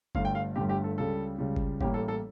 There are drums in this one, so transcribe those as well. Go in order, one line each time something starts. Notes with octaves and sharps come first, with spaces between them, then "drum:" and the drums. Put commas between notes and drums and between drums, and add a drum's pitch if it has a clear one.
G1 G2 D3 A3 F5, drum: kick G1
G5
F5
G1 G2 D3 A3 G4
G4
A4
C#2 C#3 G3 A4
C#2 C#3 G3
drum: kick G1
A1 A2 G3 A#3 G4, drum: kick G1
A4
A4